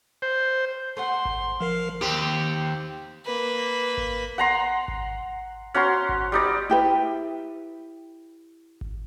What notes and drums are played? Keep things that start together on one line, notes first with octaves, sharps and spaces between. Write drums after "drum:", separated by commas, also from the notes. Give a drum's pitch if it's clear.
C5
A3 C5 F#5 C6
drum: kick G#1
F3 A#4 F5 C7
D#2 C4 G4
A#3 B4
drum: kick G#1
F#5 A#5 C6
drum: kick G#1
C#4 F#4 A#5 C6
drum: kick G#1
G3 D#4 D5
E4 G4 B4
drum: kick G#1